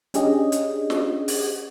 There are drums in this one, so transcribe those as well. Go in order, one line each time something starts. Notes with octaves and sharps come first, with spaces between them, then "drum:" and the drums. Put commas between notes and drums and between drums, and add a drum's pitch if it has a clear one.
C#4 D4 G4 G#4 D#5, drum: hi-hat
drum: hi-hat
drum: snare
drum: open hi-hat